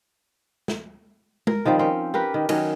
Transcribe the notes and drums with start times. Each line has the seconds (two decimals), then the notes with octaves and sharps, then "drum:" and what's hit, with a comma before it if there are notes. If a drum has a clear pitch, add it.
0.68 drum: snare
1.47 A#4, drum: tom G#3
1.65 D#3 F3 G3 C4
1.79 C4 C#4
2.14 G4 A#4 B4
2.34 D#3
2.49 D#3 F#3 C#4, drum: cymbal